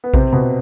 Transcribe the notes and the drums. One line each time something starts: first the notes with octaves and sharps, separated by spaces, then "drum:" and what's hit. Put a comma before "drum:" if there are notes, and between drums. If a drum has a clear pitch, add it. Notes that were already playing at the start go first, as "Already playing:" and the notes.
B3
C3 C4, drum: kick A#1
B2 B3